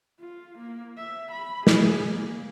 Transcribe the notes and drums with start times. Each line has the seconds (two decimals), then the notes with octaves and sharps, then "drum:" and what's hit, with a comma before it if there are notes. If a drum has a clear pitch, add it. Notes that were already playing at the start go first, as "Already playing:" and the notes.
0.20 F4
0.58 A#3
0.98 E5
1.32 B5
1.67 G#4, drum: snare
2.12 A#3